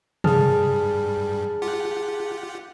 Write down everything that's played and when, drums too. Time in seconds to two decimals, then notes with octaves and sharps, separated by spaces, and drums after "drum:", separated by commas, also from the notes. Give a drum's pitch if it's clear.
0.24 G2 G3 G#4 A5 F6, drum: tom C3
1.62 F4 G4 F#5